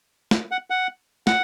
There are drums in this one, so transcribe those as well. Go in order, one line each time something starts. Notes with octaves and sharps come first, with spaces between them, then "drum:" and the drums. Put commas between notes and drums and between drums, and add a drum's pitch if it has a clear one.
drum: snare
F#5
F#5
F#5, drum: snare